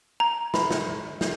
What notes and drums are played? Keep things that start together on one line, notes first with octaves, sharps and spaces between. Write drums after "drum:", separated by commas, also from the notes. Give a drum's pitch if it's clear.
A#5
B5, drum: snare
drum: snare
drum: snare